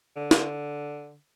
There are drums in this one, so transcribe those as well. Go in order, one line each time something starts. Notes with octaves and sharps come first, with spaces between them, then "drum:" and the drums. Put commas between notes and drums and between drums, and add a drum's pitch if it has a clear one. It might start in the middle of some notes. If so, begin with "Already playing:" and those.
D3
drum: snare